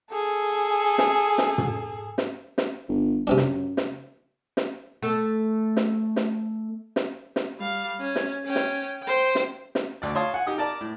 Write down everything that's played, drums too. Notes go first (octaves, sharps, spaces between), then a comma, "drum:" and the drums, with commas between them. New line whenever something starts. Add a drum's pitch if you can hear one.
G#4 A4
drum: snare
drum: snare
drum: tom
drum: snare
drum: snare
G1
F#2 C3 C4 D4
drum: snare
drum: snare
drum: snare
A3 A4
drum: snare
drum: snare
drum: snare
drum: snare
G3 F5
C#4
drum: snare
C#4 G5
drum: snare
C5 G5
drum: snare
drum: snare
D2 D5
C#5 F5 A5 C6 D#6
F#5 G#5
D#4 G4 D#6
A#4 D5 A5
A2